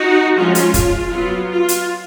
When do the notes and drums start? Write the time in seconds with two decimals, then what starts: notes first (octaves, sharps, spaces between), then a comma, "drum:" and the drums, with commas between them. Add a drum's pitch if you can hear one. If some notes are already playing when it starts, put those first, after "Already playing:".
Already playing: D#4 F#4
0.35 F3 G#3 C#4 F4
0.55 drum: hi-hat
0.74 drum: kick, hi-hat
1.11 F#3 B3 F4
1.50 F4
1.68 drum: hi-hat